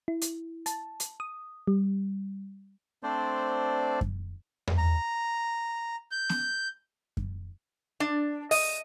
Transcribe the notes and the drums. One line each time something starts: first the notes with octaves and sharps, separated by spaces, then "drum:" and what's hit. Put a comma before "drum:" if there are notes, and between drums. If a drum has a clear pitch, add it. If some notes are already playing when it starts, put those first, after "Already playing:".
E4
drum: hi-hat
A5, drum: hi-hat
drum: hi-hat
D#6
G3
A3 C4 D4 C5 D5
drum: kick F#2
drum: tom E2
A#5
G6
drum: snare B3
drum: kick F#2
D4
D#5, drum: open hi-hat